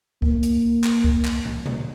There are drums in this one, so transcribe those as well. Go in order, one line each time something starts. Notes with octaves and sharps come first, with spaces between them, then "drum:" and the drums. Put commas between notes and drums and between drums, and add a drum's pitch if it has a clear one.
A#3, drum: kick C2
drum: hi-hat
drum: clap
drum: kick C2
drum: clap
drum: tom
drum: tom A#2